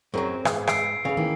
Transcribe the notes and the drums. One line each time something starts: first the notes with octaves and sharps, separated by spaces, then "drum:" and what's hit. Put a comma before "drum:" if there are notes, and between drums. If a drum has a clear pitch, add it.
F#2 F#3 C4 G#4 A#4
G#2 B3 G#4, drum: rim click
E6 C7 D7, drum: rim click
C#3 B3 F5
D#3 E3 A#3